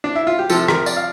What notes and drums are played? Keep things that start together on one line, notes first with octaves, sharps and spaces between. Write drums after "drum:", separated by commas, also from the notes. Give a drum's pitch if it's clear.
D4
E4
F4
G4
C3 F3 A4, drum: tambourine
A#4, drum: rim click
D5, drum: tambourine
F5